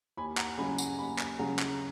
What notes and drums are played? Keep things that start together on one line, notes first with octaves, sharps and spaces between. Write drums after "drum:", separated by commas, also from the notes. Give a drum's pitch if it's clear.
D#2 G#5 B5
F#5 A#5, drum: clap
C#3 F#3 C#4 G#5 B5
F#5 A#5, drum: tambourine
D#2 G#5 B5
drum: clap
C#3 F#3 C#4 F#5 A#5
drum: clap